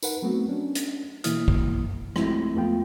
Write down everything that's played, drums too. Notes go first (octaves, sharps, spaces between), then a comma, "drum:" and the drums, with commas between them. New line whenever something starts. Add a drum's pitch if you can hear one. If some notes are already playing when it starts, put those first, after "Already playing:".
D#4 A#4 B4 F#5, drum: tambourine
F#3 A3 B3 C4 F#4
C#4 D4
drum: hi-hat
B2 E3 A#3 E4 D#6 F6, drum: hi-hat
drum: kick
F3 G#3 A3 C4 E4, drum: rim click
E2 A3 B3 F4 G5